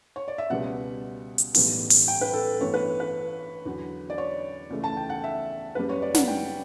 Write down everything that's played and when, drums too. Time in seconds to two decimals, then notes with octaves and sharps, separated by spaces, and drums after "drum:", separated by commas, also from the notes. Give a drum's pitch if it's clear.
0.16 C#5
0.28 D5
0.38 E5
0.50 C#2 B2 G3 B3 F#5
1.38 drum: hi-hat
1.55 B1 A2 E3 G3 B3, drum: open hi-hat
1.90 drum: open hi-hat
2.08 G5
2.21 B4
2.33 A4
2.60 A1 G2 E3 B3 C#5
2.74 B4
3.00 B4
3.65 E2 D3 F#3 B3
4.10 D5
4.18 C#5
4.70 C#2 C#3 E3 A3
4.84 A5
4.97 G5
5.10 F#5
5.24 E5
5.75 F#1 F#2 C#3 G3 B4
5.89 C#5
6.02 D5
6.15 F#5, drum: snare
6.28 G5